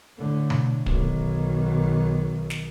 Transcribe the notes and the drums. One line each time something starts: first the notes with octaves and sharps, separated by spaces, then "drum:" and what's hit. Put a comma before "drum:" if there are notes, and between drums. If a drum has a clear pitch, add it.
A2 D3
drum: tom B2
B1 D#3, drum: kick
drum: snare